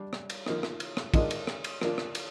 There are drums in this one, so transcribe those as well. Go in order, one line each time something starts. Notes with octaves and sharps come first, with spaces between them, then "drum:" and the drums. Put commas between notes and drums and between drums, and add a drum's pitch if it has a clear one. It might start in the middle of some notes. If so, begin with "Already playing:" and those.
Already playing: G3 D4
drum: rim click
drum: cymbal
F3 A#3 D#4, drum: rim click
drum: rim click
drum: cymbal
drum: rim click
D#3 G#3 D4 F4, drum: kick, cymbal
drum: cymbal
drum: rim click
drum: cymbal
F3 A#3 D4 F4, drum: rim click
drum: rim click
drum: cymbal